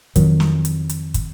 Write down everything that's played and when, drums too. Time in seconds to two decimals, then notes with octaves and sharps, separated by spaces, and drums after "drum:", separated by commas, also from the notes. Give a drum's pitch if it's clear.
0.16 F2 D#3 F#3, drum: kick, hi-hat
0.40 drum: snare
0.65 drum: hi-hat
0.89 drum: hi-hat
1.14 drum: kick, hi-hat